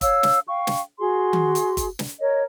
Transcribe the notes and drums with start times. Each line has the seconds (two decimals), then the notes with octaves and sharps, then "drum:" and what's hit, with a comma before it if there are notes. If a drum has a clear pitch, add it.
0.01 C#5 F5 E6, drum: kick, hi-hat
0.23 drum: snare
0.47 F5 G5 C#6
0.67 drum: snare
0.98 F#4 G#4 C6
1.33 drum: tom D#3
1.55 drum: hi-hat
1.77 drum: kick, hi-hat
1.99 drum: snare
2.20 A#4 C#5 D#5